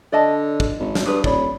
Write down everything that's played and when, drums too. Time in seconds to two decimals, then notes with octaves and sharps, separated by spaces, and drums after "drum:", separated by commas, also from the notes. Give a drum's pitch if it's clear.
0.12 D3 D5 D#5 A5
0.60 drum: kick
0.79 G#1
0.95 drum: snare
1.06 G2 G#4 B4
1.24 D#1 C#5 D5 B5, drum: kick